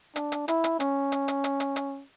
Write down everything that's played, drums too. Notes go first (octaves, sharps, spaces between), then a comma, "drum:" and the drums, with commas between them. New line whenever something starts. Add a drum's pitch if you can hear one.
D4, drum: hi-hat
drum: hi-hat
E4, drum: hi-hat
drum: hi-hat
C#4, drum: hi-hat
drum: hi-hat
drum: hi-hat
drum: hi-hat
drum: hi-hat
drum: hi-hat